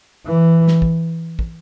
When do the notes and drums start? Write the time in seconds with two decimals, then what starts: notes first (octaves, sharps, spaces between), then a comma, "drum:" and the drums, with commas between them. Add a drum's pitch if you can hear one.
0.26 E3
0.68 drum: snare
0.82 drum: kick
1.39 drum: kick